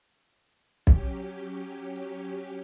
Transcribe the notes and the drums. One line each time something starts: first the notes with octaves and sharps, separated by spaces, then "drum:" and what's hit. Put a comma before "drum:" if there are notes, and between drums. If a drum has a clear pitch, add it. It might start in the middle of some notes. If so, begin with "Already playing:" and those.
F#3 C#4 G4, drum: kick